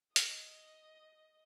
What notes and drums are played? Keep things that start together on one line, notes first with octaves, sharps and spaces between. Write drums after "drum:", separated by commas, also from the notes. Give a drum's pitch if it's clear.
D#5, drum: hi-hat